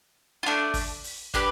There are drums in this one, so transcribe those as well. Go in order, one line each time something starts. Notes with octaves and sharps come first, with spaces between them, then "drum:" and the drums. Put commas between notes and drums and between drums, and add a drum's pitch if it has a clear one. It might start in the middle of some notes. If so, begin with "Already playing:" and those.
F4
A3 D4
drum: kick, open hi-hat
drum: open hi-hat
D4 G4 B4, drum: kick, hi-hat